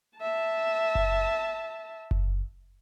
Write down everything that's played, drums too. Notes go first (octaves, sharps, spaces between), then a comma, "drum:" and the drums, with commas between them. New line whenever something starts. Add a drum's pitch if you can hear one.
E5 A5
drum: kick F#1
drum: kick F#1